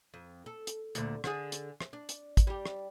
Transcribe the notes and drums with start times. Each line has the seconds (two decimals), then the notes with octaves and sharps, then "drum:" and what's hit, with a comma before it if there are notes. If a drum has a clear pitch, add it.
0.14 F2
0.46 A4
0.67 drum: hi-hat
0.95 D2 A#2 D3, drum: hi-hat
1.24 D3 G#4, drum: rim click
1.52 drum: hi-hat
1.81 drum: rim click
1.93 D4
2.09 drum: hi-hat
2.37 drum: kick, hi-hat
2.47 G3 G4
2.66 drum: rim click